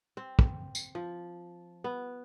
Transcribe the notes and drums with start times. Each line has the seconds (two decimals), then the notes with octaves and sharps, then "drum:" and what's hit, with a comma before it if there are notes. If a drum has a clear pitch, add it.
0.17 C4
0.39 drum: kick
0.75 drum: tambourine
0.95 F3
1.84 B3